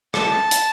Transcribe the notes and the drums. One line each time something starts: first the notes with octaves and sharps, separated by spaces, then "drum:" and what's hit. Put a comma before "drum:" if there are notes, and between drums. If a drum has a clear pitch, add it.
A5, drum: rim click
drum: hi-hat